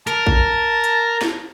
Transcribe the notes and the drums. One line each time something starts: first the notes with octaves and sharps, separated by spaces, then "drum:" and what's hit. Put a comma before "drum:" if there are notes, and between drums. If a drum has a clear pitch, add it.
A#4 A5, drum: hi-hat
drum: kick
drum: hi-hat
drum: snare